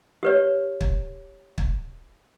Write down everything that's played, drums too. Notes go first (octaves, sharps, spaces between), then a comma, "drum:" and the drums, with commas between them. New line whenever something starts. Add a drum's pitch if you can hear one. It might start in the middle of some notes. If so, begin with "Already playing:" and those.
G4 B4 C#5
drum: kick
drum: kick